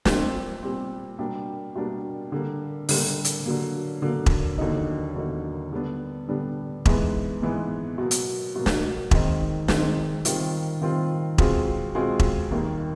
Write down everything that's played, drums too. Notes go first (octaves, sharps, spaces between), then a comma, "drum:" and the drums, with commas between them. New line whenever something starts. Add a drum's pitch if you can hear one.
A#2 G3 C4, drum: snare
A#2 G3 C4
B2 G3 A#3 D4 G4
B2 G3 A#3 D4 G4
D3 G3 A#3
D3 G3 A#3, drum: open hi-hat
drum: hi-hat
D3 F#3 A#3
D3 F#3 A#3
drum: kick E1
D#2 D3 F#3 A#3 D#4
D#2 D3 F#3 A#3 D#4
D3 G3 B3 D4
D3 G3 B3 D4
G#2 E3 G#3 B3, drum: kick E1
G#2 E3 G#3 B3
B2 F#3 A#3
drum: hi-hat
B2 F#3 A#3
drum: snare
D#3 G#3 C4 D#4, drum: kick E1
D#3 G#3 C4 D#4, drum: snare
D#3 G3 C4 F4, drum: hi-hat
D#3 G3 C4 F4
B2 G#3 C4 F4 G#4, drum: kick E1
B2 G#3 C4 F4 G#4
drum: kick E1
D#2 D#3 G3 A#3